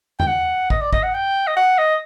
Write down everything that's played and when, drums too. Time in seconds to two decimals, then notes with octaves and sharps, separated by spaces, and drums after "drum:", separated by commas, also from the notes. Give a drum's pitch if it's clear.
0.20 G5, drum: tom E2
0.27 F#5
0.70 D#5, drum: kick
0.81 D5
0.93 D#5, drum: kick
1.03 F#5
1.14 G5
1.47 D#5
1.56 F#5
1.78 D#5